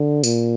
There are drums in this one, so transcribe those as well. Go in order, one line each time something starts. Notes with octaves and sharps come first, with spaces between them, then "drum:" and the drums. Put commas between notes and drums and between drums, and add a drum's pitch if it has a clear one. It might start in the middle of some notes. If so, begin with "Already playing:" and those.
Already playing: D3
A#2, drum: tambourine